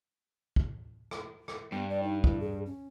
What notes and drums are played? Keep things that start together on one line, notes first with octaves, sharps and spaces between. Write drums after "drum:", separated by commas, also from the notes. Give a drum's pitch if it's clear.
drum: kick
drum: rim click
drum: rim click
G2 B3
D5
D#4
E4, drum: kick
G#4
C#4